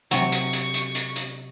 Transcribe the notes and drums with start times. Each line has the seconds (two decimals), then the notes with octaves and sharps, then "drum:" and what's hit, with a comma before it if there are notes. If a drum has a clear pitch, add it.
0.11 C3 F#3 C#6, drum: hi-hat
0.32 drum: hi-hat
0.53 drum: hi-hat
0.74 drum: hi-hat
0.95 drum: hi-hat
1.16 drum: hi-hat